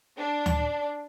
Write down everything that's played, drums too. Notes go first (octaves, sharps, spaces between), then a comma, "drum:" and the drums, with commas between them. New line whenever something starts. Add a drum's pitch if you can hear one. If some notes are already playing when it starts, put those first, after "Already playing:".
D4
drum: tom D2